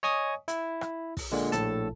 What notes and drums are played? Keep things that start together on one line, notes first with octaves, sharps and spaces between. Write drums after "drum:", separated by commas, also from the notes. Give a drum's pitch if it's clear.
C#5 D#5 G#5 C#6 D#6
E4, drum: hi-hat
drum: rim click
drum: kick, open hi-hat
A#2 D3 G#3
A#1 A2 A4 A5, drum: hi-hat